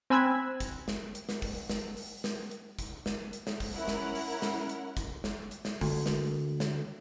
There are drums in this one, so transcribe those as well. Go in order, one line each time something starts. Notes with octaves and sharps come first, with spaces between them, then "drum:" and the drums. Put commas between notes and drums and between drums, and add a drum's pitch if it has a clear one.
C4 G#5 B5 E6 F#6 G#6
drum: kick, hi-hat
drum: snare
drum: hi-hat
drum: snare
drum: kick, open hi-hat
drum: snare
drum: open hi-hat
drum: snare
drum: hi-hat
drum: kick, hi-hat
drum: snare
drum: hi-hat
drum: snare
drum: kick, open hi-hat
C#4 E4 A#4 F#5
drum: snare
drum: open hi-hat
drum: snare
drum: hi-hat
drum: kick, hi-hat
drum: snare
drum: hi-hat
drum: snare
D2, drum: kick, open hi-hat
drum: snare
drum: snare